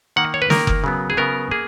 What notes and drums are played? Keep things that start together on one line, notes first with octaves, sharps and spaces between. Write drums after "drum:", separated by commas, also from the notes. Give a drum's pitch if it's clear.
D#3 A#3 F#5
C#5
B4
D#3 A#3 A#4, drum: snare
drum: kick F#1
C#3 F#3 B3
G#4
C#3 F#3 B3 A#4
A#3 G#4